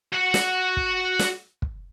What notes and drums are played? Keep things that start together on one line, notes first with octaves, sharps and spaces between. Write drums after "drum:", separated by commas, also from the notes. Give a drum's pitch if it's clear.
F#4 F#5
drum: snare
drum: kick
drum: snare
drum: kick